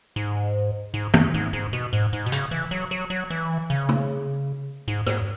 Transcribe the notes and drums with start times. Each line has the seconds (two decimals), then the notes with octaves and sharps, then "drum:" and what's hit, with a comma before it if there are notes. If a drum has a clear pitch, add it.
0.16 G#2
0.94 G#2
1.14 F#2, drum: tom
1.34 G#2
1.53 G#2
1.73 B2
1.93 G#2
2.13 G#2
2.26 B2
2.32 C#3, drum: hi-hat
2.51 E3
2.71 F#3
2.91 F#3
3.10 F#3
3.30 E3
3.70 C#3
3.89 drum: tom
4.88 G#2
5.06 G#2, drum: rim click